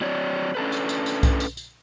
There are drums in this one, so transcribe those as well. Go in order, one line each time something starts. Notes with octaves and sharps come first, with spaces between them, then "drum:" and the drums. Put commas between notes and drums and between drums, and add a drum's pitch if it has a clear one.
F#3 C4 C#5 D5
C#4 D4 A4 B4
drum: tambourine
drum: tambourine
drum: tambourine
drum: kick B1, tambourine
drum: tambourine
drum: tambourine